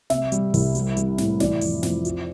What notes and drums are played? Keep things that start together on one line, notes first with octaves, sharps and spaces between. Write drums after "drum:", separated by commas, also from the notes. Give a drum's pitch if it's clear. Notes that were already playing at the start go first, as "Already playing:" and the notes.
C3 E5, drum: snare
G3, drum: hi-hat
C2, drum: open hi-hat
G3, drum: hi-hat
G3, drum: hi-hat
A2, drum: snare
E3 D5, drum: snare
F2, drum: open hi-hat
F2, drum: snare
F3, drum: hi-hat